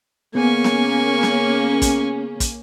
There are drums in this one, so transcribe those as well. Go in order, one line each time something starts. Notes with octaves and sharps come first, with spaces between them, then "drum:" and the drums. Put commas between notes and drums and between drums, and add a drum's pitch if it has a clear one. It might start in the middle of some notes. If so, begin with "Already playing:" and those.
C#3 A#3 B3 C#4 G#5 C#6
drum: snare
drum: snare
drum: kick, hi-hat
drum: kick, hi-hat